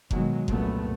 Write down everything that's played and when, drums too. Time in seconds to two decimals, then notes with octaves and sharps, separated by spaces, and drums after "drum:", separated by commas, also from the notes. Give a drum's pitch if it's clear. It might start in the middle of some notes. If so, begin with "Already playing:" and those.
0.11 B2 D#3 F#3 G#3, drum: kick F#1
0.48 C2 F#2 A#2 A3 B3, drum: kick F#1